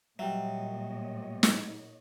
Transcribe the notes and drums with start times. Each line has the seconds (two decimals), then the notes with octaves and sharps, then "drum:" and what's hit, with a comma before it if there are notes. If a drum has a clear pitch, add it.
0.19 A#2 F#3 G3 G4 C#5 D#5 E5 G5
1.43 drum: snare